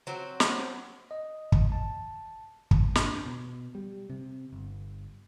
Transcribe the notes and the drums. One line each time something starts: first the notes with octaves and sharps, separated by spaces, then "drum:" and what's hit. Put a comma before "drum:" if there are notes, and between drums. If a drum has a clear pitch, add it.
F#3 C4
drum: snare
D#5
drum: kick
A5
drum: kick
D4, drum: snare
B2
G3
C3
G1